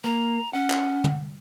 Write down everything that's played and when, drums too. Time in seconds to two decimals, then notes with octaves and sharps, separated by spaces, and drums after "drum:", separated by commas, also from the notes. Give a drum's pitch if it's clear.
0.04 A#3 A#5
0.53 C#4 F#5
0.70 drum: clap
1.04 drum: tom